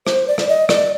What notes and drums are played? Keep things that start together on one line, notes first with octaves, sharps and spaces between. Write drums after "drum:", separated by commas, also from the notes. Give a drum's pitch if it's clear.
C5, drum: rim click
D5
drum: rim click
D#5
D5, drum: rim click